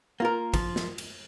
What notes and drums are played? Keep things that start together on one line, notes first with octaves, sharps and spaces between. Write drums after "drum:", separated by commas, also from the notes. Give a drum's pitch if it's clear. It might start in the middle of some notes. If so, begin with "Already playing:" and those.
A#3 F4 A#4
F3, drum: kick G#1, cymbal
drum: snare
drum: cymbal